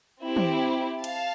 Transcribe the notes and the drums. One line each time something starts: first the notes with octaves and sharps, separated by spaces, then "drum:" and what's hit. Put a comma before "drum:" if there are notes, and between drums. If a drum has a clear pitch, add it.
C4 E4 G4
drum: tom
F5 A5, drum: cymbal